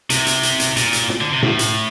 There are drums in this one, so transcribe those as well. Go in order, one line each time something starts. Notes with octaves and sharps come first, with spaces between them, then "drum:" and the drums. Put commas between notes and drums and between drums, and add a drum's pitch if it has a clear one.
C3, drum: hi-hat
drum: hi-hat
drum: hi-hat
drum: hi-hat
A#2, drum: hi-hat
drum: hi-hat
drum: snare
D3
C3
A2, drum: tom A2
drum: hi-hat